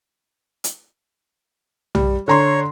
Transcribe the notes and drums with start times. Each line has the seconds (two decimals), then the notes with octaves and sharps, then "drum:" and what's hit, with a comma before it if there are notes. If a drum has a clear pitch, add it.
0.64 drum: hi-hat
1.95 G3, drum: tom B1
2.28 D3 C#5 A#5 C6